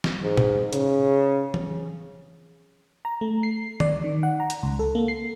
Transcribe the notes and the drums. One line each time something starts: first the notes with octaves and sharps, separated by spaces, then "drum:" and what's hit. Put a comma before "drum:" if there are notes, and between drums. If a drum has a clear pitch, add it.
drum: snare
G#2
drum: tom A#2
C#3, drum: hi-hat
drum: tom E3
A#5
A3
C7
D5, drum: tom D#3
D#3
F#5
A#5
drum: hi-hat
C#2
A4
A#3
C7